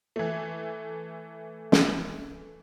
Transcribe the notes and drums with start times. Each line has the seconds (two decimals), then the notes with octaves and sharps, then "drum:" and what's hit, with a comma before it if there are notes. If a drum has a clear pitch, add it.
0.16 E3 A3
1.72 drum: snare